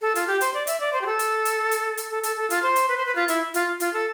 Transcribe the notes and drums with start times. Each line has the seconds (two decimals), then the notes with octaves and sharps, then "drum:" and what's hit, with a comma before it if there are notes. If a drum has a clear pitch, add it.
0.01 A4
0.15 F4, drum: hi-hat
0.27 G4
0.41 C5, drum: hi-hat
0.54 D5
0.67 E5, drum: hi-hat
0.80 D5
0.93 C5
1.01 G4
1.06 A4
1.19 drum: hi-hat
1.45 drum: hi-hat
1.71 drum: hi-hat
1.97 drum: hi-hat
2.11 A4
2.23 A4, drum: hi-hat
2.37 A4
2.50 F4, drum: hi-hat
2.63 C5
2.76 drum: hi-hat
2.88 B4
2.97 C5
3.06 B4
3.15 F4
3.28 E4, drum: hi-hat
3.54 F4, drum: hi-hat
3.80 F4, drum: hi-hat
3.93 A4